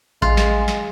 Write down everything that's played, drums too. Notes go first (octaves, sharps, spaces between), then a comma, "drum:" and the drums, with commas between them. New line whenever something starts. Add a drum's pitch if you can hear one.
G#3 F4, drum: kick A1
drum: snare
drum: snare